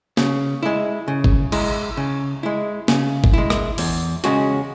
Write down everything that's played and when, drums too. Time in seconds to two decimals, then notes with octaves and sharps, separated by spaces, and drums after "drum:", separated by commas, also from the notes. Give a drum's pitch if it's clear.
0.17 C#3, drum: snare
0.63 G#3 E4
1.08 C#3
1.24 drum: kick
1.52 G#3 E4, drum: cymbal
1.97 C#3
2.43 G#3 E4
2.88 C#3, drum: snare
3.24 drum: kick
3.34 G#3 E4
3.50 drum: rim click
3.78 E2, drum: open hi-hat
4.24 C#3 G#3 C#4 F#4, drum: hi-hat